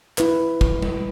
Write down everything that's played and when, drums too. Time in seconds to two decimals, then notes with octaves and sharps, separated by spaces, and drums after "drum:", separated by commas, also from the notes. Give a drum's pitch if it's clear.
0.18 E4 B4, drum: clap
0.61 drum: kick
0.82 drum: tom G3